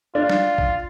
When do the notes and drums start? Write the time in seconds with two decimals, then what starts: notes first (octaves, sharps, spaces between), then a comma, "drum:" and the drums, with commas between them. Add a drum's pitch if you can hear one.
0.15 D4 F4
0.30 drum: snare
0.58 drum: kick A1